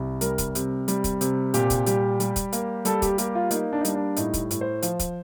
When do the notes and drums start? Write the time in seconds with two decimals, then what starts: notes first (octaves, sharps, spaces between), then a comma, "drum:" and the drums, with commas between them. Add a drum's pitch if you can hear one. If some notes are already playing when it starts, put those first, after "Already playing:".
Already playing: C2
0.21 G3 A#4, drum: hi-hat
0.38 drum: kick, hi-hat
0.55 C3, drum: hi-hat
0.88 G3, drum: hi-hat
1.04 drum: kick, hi-hat
1.21 C3, drum: hi-hat
1.54 A#2 G4, drum: hi-hat
1.70 drum: kick, hi-hat
1.86 G3 G4, drum: hi-hat
2.20 G3, drum: hi-hat
2.36 drum: kick, hi-hat
2.53 A#3, drum: hi-hat
2.85 G3 A4, drum: hi-hat
3.02 G4, drum: kick, hi-hat
3.18 A#3 G4, drum: hi-hat
3.35 F4
3.51 A#3 D#4, drum: hi-hat
3.73 D4
3.81 D#4
3.85 G3 D4, drum: hi-hat
3.95 D4
4.17 A2 D#4, drum: hi-hat
4.34 drum: kick, hi-hat
4.51 A2, drum: hi-hat
4.61 C5
4.83 F3, drum: hi-hat
5.00 drum: kick, hi-hat